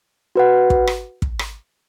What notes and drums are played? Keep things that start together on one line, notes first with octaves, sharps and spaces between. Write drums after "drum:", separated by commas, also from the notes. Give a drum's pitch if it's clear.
F#4 B4 F#5
drum: kick
drum: rim click
drum: kick
drum: rim click